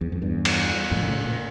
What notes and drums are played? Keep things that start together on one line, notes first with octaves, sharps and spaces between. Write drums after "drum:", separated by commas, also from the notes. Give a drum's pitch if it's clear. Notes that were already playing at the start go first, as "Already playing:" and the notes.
E2
F2
E2 G2
drum: cymbal
F2 A2
D3
A2 C#3
A#2